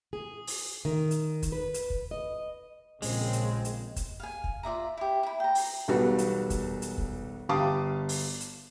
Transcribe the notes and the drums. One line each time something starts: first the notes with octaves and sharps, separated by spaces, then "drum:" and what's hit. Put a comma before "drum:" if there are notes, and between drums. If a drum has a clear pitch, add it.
G#4
drum: open hi-hat
D#3
drum: hi-hat
drum: kick, hi-hat
B4
drum: hi-hat
drum: kick
D#5
A#1 C#3 G#3 C4, drum: open hi-hat
drum: hi-hat
drum: hi-hat
drum: kick, hi-hat
F5 G#5
drum: kick
F4 D5 E5 A#5
E4 G4
E4 B5
G5 A#5
drum: open hi-hat
E1 B1 G3 B3 F#4
drum: hi-hat
drum: kick, hi-hat
drum: hi-hat
drum: kick
G1 G4 F5 A5 D6 D#6
drum: open hi-hat
drum: hi-hat